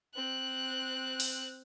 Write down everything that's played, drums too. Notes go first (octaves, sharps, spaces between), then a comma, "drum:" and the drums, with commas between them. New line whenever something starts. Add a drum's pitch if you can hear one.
C4 F#6
drum: open hi-hat